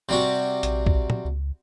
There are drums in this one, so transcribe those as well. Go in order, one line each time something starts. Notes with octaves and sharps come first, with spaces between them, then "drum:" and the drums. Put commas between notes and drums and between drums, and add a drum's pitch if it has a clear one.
C3 G3 F#4
A#1, drum: hi-hat
drum: kick
drum: tom
C#2